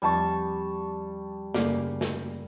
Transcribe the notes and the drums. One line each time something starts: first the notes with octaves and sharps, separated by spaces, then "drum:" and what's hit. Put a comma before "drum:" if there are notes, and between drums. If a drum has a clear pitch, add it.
E2 F3 G3 C4 A5 C#6
F#2 C#3 A#3 A4 D5, drum: snare
drum: snare